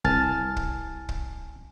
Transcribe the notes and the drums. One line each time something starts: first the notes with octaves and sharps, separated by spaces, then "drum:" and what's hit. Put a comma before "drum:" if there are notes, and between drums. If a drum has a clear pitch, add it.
C2 G#5 A5 F6 A6, drum: kick
drum: kick
drum: kick